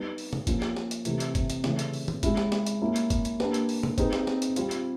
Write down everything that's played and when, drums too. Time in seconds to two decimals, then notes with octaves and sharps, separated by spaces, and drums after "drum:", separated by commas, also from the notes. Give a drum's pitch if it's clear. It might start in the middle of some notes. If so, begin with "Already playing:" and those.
Already playing: G3 B3 D#4
0.18 drum: open hi-hat
0.33 drum: tom
0.47 F3 A#3 C#4, drum: kick F#1, hi-hat
0.62 drum: snare
0.77 drum: snare
0.91 drum: hi-hat
1.05 C3 E3 A3 C4, drum: hi-hat
1.20 drum: hi-hat
1.35 drum: kick F#1, hi-hat
1.50 drum: hi-hat
1.64 C#3 E3 A3, drum: snare
1.79 drum: hi-hat
1.93 drum: open hi-hat
2.08 drum: tom
2.23 G#3 C#4 E4, drum: kick F#1, hi-hat
2.37 drum: snare
2.52 drum: snare
2.66 drum: hi-hat
2.82 A#3 C#4 E4
2.96 drum: hi-hat
3.10 drum: kick F#1, hi-hat
3.25 drum: hi-hat
3.40 A#3 D4 G4 B4, drum: snare
3.54 drum: hi-hat
3.69 drum: open hi-hat
3.83 drum: tom
3.98 C4 D#4 G#4 B4, drum: kick F#1, hi-hat
4.13 drum: snare
4.27 drum: snare
4.42 drum: hi-hat
4.56 G3 C4 F4, drum: hi-hat
4.71 drum: hi-hat